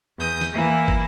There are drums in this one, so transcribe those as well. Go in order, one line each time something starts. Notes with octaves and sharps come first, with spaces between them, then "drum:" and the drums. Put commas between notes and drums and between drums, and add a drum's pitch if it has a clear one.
E2 D#6 G6
drum: snare
E3 A#3 E4
drum: kick